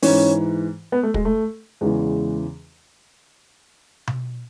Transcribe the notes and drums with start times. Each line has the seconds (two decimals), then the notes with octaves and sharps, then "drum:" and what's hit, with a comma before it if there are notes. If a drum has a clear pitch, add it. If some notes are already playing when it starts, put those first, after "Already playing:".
0.03 G#2 E3 C#4, drum: open hi-hat
0.92 B3
1.03 A3
1.14 G#3, drum: kick
1.25 A3
1.81 E2 C#3 E3 G#3
4.07 drum: tom B2